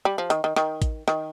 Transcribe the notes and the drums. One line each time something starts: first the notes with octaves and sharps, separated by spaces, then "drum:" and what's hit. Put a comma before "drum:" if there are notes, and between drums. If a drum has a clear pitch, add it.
G3
F3
D#3, drum: hi-hat
D#3
D#3, drum: rim click
drum: kick A1, hi-hat
D#3, drum: rim click